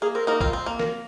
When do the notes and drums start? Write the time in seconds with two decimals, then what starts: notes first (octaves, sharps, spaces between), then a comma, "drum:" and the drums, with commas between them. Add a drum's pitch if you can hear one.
0.02 A#3 G#4
0.15 C4 A#4
0.27 A#3 D#4 A#4
0.41 C4 F4 A#4, drum: kick
0.53 C4
0.66 A#3
0.79 A#4, drum: snare